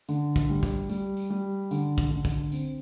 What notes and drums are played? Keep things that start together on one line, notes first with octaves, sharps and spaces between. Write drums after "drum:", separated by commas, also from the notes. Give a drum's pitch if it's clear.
D3, drum: tambourine
drum: kick, tambourine
G3
drum: kick, tambourine
G3, drum: tambourine
drum: tambourine
G3
D3, drum: tambourine
drum: kick, tambourine
D3
drum: kick, tambourine
C4, drum: tambourine